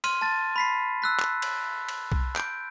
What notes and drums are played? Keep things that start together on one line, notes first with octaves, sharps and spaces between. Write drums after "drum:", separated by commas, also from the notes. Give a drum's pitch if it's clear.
C6 F6 D#7, drum: cymbal
A5 A6
B5 B6 C7
E6 F#6 B6
drum: clap
drum: cymbal
drum: cymbal
drum: kick B1
G6 D7, drum: clap